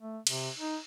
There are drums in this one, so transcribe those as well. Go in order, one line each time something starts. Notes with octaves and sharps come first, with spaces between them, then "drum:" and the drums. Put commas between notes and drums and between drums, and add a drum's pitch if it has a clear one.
A3
C3, drum: cymbal
D#4